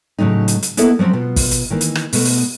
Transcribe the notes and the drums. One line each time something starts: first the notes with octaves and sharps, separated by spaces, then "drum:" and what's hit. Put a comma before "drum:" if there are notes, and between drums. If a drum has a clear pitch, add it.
A2 C#3 F#3 A3 D#4
drum: hi-hat
drum: hi-hat
A#3 B3 E4 A4 D#5 E5, drum: hi-hat
F3 F#3 C4 C#4
B2 F4
drum: kick, open hi-hat
drum: hi-hat
D#3 E3 A#3
drum: hi-hat
drum: rim click
B2 A3, drum: open hi-hat
drum: open hi-hat